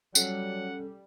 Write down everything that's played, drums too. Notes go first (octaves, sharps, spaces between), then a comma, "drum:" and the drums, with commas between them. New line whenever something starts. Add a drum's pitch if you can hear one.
F#3 G3 C#4 A4 F#5, drum: tambourine